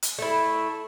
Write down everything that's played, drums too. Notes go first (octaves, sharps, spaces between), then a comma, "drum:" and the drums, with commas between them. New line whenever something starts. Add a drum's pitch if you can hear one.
drum: hi-hat
A3 E4